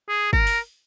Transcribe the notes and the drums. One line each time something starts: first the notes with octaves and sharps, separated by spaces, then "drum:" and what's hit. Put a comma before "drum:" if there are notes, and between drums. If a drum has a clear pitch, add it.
G#4
A#4, drum: kick
drum: open hi-hat